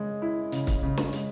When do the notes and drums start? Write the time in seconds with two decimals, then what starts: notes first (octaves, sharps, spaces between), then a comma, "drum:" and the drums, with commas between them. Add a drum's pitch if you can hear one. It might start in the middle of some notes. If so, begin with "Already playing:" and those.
Already playing: C#3 G#3
0.22 E4
0.52 C#3, drum: hi-hat
0.67 drum: kick, hi-hat
0.83 C#3
0.97 drum: snare
1.13 G#3, drum: hi-hat